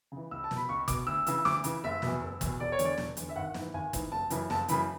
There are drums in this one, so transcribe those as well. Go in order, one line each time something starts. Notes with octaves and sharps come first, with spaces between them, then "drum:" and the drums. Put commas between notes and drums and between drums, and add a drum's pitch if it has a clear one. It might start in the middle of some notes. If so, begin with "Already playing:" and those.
C#3
E3
C#2 E6
A5
B2, drum: snare
B5
C#2 C#6
B2 D6, drum: kick G1, hi-hat
D2 E6
C#3 E3 E6, drum: hi-hat
D2 D6, drum: snare
C#3 E3, drum: hi-hat
F#1 E5
E2 B2, drum: snare
F#1
E2 B2, drum: kick G1, hi-hat
E1 D5
C#5
E2 D3, drum: hi-hat
D5
E1, drum: snare
E2 D3, drum: hi-hat
E5
G#1 F#5
G#2 E3, drum: snare
G#1 G#5
G#2 E3, drum: kick G1, hi-hat
F#1 A5
F#2 C#3 E3, drum: hi-hat
F#1 A5, drum: snare
F#2 C#3 E3 B5, drum: hi-hat